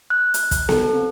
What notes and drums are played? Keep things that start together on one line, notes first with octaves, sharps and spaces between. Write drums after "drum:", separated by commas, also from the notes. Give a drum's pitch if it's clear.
F#6
drum: hi-hat
drum: kick, hi-hat
A4, drum: snare B3
C4